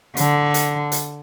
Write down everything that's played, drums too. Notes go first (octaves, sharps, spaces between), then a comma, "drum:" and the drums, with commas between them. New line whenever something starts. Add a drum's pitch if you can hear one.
D3, drum: hi-hat
drum: hi-hat
drum: hi-hat